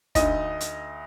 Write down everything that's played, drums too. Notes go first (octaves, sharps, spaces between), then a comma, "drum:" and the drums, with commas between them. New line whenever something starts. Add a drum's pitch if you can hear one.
D2 D3 D#4 D#5, drum: kick, hi-hat
drum: hi-hat